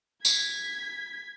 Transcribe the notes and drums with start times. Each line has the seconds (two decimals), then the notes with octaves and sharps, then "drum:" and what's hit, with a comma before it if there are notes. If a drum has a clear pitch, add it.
0.25 G#6 B6, drum: tambourine